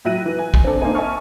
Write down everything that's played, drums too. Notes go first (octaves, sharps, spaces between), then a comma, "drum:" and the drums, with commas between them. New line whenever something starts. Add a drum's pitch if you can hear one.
A2 F#3 E5 F#6 A#6 D#7
E3
G#5
drum: kick
C4 D4 A4
A#3 C4 D4 D#4 C5 G#5
D#5 E5 G#5 A5 C#6 F6